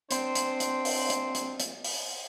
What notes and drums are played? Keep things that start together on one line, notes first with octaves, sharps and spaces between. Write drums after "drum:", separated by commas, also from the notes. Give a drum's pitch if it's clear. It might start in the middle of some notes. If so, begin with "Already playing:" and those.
C4 D4 C5, drum: hi-hat
drum: hi-hat
drum: hi-hat
drum: open hi-hat
drum: hi-hat
drum: hi-hat
drum: hi-hat
drum: open hi-hat